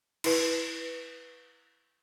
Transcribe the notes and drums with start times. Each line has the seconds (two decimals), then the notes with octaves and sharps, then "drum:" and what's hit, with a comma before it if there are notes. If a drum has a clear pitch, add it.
0.24 E4 B4, drum: cymbal